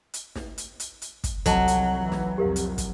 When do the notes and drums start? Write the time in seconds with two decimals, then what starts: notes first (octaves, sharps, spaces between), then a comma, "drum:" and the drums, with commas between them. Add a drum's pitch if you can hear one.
0.14 drum: hi-hat
0.36 drum: snare
0.58 drum: hi-hat
0.80 drum: hi-hat
1.02 drum: hi-hat
1.24 drum: kick, hi-hat
1.46 C2 F2 F#3 A4 D#5 A5, drum: kick, hi-hat
1.68 drum: hi-hat
2.01 E3
2.12 drum: snare
2.38 C2 F2 G4 A#4 F5
2.56 drum: hi-hat
2.78 drum: kick, hi-hat